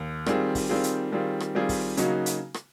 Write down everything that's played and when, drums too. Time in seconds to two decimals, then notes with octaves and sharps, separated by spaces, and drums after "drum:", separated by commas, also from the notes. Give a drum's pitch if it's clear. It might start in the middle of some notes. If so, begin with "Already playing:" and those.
Already playing: D#2
0.26 D#3 G3 C4 F4 G#4, drum: rim click
0.55 drum: kick, open hi-hat
0.69 D#3 G3 C4 F4 G#4
0.83 drum: hi-hat
1.12 D#3 G3 C4 F4 G#4
1.40 drum: rim click
1.55 D#3 G3 C4 F4 G#4
1.69 drum: kick, open hi-hat
1.97 C#3 F#3 A#3 D#4 F#4, drum: hi-hat
2.26 drum: hi-hat
2.54 drum: rim click